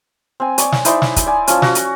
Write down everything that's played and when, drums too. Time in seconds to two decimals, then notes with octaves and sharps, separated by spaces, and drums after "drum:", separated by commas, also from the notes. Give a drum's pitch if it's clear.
0.40 C4 G#5
0.58 C#5 D5, drum: hi-hat
0.72 drum: snare
0.85 D#4 E4 C5 D5, drum: hi-hat
1.02 drum: snare
1.16 drum: kick, hi-hat
1.26 D5 G#5
1.47 F3 C#4, drum: hi-hat
1.62 F#4, drum: snare
1.75 drum: hi-hat